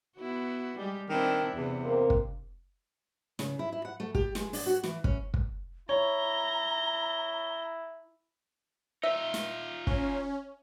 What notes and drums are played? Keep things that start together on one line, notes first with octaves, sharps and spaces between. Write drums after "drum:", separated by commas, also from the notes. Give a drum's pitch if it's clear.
B3 E4 F#4
G3 G#3 G4
D#3 C4 D4 E4
E2 C3
A#3 C4
drum: kick
C#3, drum: snare
E4
E4
F#5
A3
G4, drum: kick
G#3, drum: snare
D4, drum: open hi-hat
F#4
E3, drum: snare
C#4, drum: kick
drum: kick
E4 C#5 A#5 G7
D#4 F4 E5
drum: snare
C#4, drum: kick